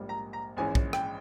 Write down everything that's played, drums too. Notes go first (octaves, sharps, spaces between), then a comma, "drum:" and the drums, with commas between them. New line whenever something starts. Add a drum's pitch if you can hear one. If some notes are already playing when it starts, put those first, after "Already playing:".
Already playing: A#1 G#2 G3 A#3
A#5
A#5
A#1 G#2 E3 G#3 C#4 G#5
drum: kick
G5, drum: rim click